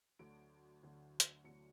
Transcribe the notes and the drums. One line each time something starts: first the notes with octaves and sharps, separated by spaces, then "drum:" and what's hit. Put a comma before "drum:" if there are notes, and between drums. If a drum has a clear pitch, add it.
D2 D3 F#3 D7
D2 D3 F#3
drum: hi-hat
D2 D3 F#3 C#7